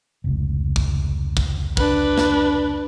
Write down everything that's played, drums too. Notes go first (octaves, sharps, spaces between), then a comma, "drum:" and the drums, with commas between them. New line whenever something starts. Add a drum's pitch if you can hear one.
F1 C#2
drum: kick
drum: kick
D4 B4, drum: kick
drum: snare